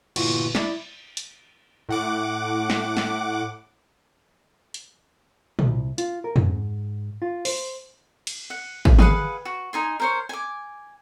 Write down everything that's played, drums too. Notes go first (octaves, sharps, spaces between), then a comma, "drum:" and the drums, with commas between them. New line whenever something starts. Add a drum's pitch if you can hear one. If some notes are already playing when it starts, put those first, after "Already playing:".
G1 A#2 E3 F4 F#4, drum: cymbal
E4 D5, drum: snare
drum: hi-hat
A2 F#5 D6
drum: snare
drum: snare
drum: hi-hat
C2, drum: tom A#2
F4, drum: hi-hat
A#4
G#2, drum: tom F2
F4
C5, drum: open hi-hat
drum: cymbal
F#5
drum: kick
G#4 B4 F5 F#5, drum: tom D3
F#4
D#4 G#5 C6
A#4 C5 C#5
G#5 D6